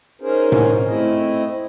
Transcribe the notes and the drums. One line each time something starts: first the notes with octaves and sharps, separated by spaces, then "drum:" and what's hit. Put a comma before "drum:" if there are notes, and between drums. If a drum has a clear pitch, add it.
C#4 D#4 G#4 A#4 C5
drum: tom A2
A3 C4 E4 D#5